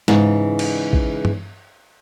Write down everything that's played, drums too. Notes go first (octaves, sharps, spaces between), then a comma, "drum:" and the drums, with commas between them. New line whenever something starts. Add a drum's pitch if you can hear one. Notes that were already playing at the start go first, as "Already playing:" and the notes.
G#2 C#3 E3, drum: snare
drum: cymbal
drum: kick
drum: tom G2